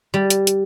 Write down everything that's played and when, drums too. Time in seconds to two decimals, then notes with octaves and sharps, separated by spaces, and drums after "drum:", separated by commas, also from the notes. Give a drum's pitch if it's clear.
0.14 G3
0.30 drum: hi-hat
0.47 drum: hi-hat